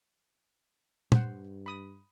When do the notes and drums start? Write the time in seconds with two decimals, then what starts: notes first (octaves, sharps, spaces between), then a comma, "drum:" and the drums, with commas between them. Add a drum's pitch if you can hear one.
1.12 G2 C5 F#5, drum: tom
1.66 B5 D#6